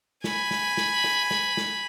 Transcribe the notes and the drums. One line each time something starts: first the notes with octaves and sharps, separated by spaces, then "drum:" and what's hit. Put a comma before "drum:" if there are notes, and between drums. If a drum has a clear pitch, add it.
G#5 B5, drum: snare
drum: snare
drum: snare
drum: snare
drum: snare
drum: snare